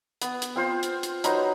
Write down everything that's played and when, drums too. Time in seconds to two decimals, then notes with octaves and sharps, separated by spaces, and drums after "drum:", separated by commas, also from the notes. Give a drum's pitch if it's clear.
0.22 B3, drum: hi-hat
0.42 drum: hi-hat
0.56 C4 F4 C5
0.83 drum: hi-hat
1.03 drum: hi-hat
1.24 F#3 D#4 B4 C5, drum: hi-hat